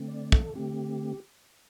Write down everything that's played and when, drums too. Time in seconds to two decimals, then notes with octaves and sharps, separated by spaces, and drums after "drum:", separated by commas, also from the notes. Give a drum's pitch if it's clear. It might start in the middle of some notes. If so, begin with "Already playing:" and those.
Already playing: D3 A3 C4
0.08 D5
0.32 A4, drum: kick
0.55 D3 A3 C4 G4